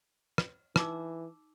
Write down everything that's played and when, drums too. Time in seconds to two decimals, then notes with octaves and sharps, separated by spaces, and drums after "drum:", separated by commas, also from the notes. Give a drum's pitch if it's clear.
0.38 drum: rim click
0.76 E3 D#4 D6 E6, drum: rim click